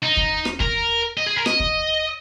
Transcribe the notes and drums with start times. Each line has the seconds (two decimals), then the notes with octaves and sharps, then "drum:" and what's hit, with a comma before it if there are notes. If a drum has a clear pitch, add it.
0.02 D#4
0.17 drum: kick
0.45 drum: rim click
0.60 A#4, drum: kick
1.17 D#5
1.26 G#4
1.36 A#4
1.46 D#5, drum: rim click
1.60 drum: kick